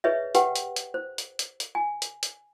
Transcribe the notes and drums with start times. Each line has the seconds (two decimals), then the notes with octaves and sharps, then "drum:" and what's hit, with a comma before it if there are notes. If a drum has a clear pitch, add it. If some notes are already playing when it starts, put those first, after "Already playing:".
0.04 G#4 B4 C#5 D#5 E5
0.35 G4 B4 F#5 G5, drum: hi-hat
0.56 drum: hi-hat
0.76 drum: hi-hat
0.94 C5
1.18 drum: hi-hat
1.39 drum: hi-hat
1.60 drum: hi-hat
1.75 G#5
2.02 drum: hi-hat
2.23 drum: hi-hat